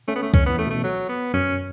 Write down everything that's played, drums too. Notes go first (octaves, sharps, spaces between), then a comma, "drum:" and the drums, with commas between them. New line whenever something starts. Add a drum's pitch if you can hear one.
A3 C#4
B3
A3
C#4, drum: kick
E3 B3
A3
B2
A3
F#3
B3
F#2 C#4